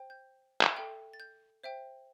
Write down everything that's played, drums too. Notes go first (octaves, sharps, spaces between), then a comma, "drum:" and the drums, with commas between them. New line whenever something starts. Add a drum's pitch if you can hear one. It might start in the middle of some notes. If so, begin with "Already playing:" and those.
Already playing: C5 G5
G6
drum: clap
A4 E5 G5
A6
G6
C5 E5 G5